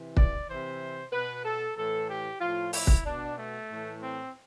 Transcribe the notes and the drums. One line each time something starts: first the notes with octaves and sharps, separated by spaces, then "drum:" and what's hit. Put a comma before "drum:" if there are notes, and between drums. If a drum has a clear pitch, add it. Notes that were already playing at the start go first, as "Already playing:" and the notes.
Already playing: C3 E3
D5, drum: kick
C3 E3 C5
B2 B4
A4
A2 E3 A4
G4
A2 F3 F4
E4, drum: open hi-hat
drum: kick
B2 D4
A3
A2 E3
C4